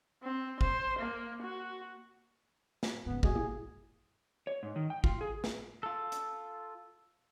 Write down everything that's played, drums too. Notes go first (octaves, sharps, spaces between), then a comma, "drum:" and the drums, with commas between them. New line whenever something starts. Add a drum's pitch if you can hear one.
C4
C5, drum: kick
A#3
F#4
drum: snare
G#2 C#3 B3
A1 D2 G3 G#3 F#4 G#4, drum: kick
B2 A#3 E4 G4
C#5
G#2
D#3
G5
F4, drum: kick
G#4
drum: snare
F4 A4
drum: hi-hat